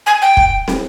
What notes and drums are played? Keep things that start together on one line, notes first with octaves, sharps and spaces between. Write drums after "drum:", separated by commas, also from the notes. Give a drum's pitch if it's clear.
G#5
G5
drum: kick
drum: snare